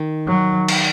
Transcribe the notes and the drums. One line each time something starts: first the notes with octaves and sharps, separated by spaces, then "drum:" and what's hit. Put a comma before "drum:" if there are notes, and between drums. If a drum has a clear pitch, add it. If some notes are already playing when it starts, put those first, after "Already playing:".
Already playing: D#3
F#3
drum: cymbal